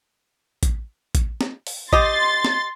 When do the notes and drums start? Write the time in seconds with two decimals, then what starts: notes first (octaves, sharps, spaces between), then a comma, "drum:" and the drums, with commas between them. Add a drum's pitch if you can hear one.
0.63 drum: kick A1, hi-hat
1.15 drum: kick A1, hi-hat
1.41 drum: snare
1.67 drum: open hi-hat
1.93 G4 D#5 C6 A6, drum: kick A1
2.45 drum: snare